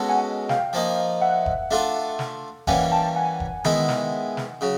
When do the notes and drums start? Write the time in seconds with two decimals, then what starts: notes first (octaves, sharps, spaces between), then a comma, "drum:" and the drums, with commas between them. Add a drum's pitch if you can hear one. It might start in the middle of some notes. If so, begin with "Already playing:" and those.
Already playing: B2 G#3 C#4 F#4 A4
0.08 F#5 G#5
0.49 F5 G5, drum: snare
0.73 F3 A#3 D#4
1.21 E5 F#5
1.46 drum: kick F1
1.71 A3 D4 F4 A4
2.19 drum: snare
2.67 E3 G3 A#3 C#4 F#5 G#5, drum: kick F1
2.92 G5 A5
3.16 F#5 G#5
3.40 drum: kick F1
3.65 D#3 G#3 B3 E4, drum: tom D#3
3.89 drum: snare
4.37 drum: snare
4.61 C#3 F#3